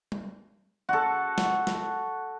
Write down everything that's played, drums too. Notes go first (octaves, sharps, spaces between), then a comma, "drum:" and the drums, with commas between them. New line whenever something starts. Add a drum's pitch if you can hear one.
drum: tom G3
F#4 A4
drum: snare
drum: snare